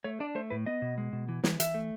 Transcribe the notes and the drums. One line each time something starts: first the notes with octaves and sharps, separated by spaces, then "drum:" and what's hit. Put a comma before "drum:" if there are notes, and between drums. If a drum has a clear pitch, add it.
A3 C#5
D4 D5
A3 C5
A2 B4
B3 D#5
B2
G#3
B2
E3
E3, drum: snare
E3 E5, drum: hi-hat
A3